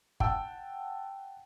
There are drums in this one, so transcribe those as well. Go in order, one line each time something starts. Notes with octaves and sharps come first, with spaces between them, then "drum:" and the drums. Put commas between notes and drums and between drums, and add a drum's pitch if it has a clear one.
F#5 G5 A5 E6, drum: kick G1